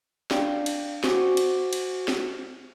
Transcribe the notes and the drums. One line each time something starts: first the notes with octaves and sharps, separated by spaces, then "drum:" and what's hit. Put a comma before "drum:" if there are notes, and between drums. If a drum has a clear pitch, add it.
D4 D5 F5 G5, drum: snare
drum: cymbal
F#4 C5 G#5 C#6 D6, drum: snare
drum: cymbal
drum: cymbal
drum: snare